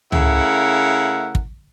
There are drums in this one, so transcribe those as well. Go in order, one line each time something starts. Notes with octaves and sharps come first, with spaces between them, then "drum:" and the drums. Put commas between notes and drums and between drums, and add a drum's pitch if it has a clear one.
C#3 A3 E4 A#4 F#5, drum: tom C#2
drum: kick